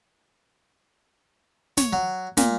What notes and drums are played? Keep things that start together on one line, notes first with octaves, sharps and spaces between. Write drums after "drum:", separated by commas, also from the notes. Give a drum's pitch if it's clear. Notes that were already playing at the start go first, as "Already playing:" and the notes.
C#5, drum: snare
F#3
A#2, drum: snare